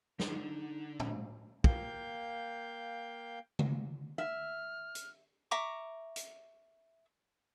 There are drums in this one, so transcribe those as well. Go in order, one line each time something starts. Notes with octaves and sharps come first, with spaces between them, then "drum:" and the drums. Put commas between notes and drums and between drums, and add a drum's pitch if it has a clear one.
D3 D#4, drum: snare
drum: tom A2
A#3 F5 G5 G6, drum: kick
drum: tom C#3
E5 F6
drum: hi-hat
E5 A#5 C#6 D6
drum: hi-hat